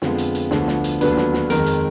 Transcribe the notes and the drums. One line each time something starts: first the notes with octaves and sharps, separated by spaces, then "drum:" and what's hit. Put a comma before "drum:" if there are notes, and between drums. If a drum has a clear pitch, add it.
F2 D3 G#3 B3 F4, drum: snare
drum: hi-hat
drum: hi-hat
D2 D3 F3 B3 D4, drum: snare
drum: snare
drum: hi-hat
D#2 D3 F#3 B3 D4 B4, drum: hi-hat
drum: snare
drum: snare
F2 D#3 G#3 A#4, drum: hi-hat
drum: hi-hat